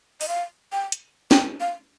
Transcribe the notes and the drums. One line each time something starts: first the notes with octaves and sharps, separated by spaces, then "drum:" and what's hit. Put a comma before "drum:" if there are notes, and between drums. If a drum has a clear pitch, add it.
D#5, drum: open hi-hat
F5
G5
drum: hi-hat
G5, drum: snare
F5